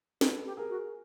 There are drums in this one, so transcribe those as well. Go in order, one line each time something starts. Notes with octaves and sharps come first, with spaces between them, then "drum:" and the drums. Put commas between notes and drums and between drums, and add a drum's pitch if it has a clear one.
D#4 A4 B4, drum: snare
G4
G#4 A#4
F#4